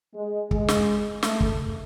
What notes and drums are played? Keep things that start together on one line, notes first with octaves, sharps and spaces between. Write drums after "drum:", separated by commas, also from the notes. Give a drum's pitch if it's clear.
G#3
G#3, drum: kick
drum: snare
A3, drum: snare
drum: kick